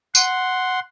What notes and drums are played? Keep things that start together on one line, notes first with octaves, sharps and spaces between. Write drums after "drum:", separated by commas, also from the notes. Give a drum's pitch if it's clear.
F#5 C6, drum: tambourine